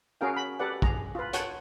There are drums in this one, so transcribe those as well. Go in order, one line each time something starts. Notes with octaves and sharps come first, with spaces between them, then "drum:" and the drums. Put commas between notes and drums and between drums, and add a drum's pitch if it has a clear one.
C#4 F#4 G#4 A#4 F5 G5
B5
G4 A4 B4 D5 F#5
G#4 A#5, drum: kick
F4 B4
C#5 F#5 G5 A5, drum: hi-hat